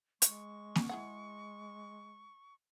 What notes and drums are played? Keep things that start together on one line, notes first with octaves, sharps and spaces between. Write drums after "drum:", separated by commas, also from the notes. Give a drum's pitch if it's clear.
G#3 C#6, drum: hi-hat
drum: snare A#3
G#3 E4 G#4 F#5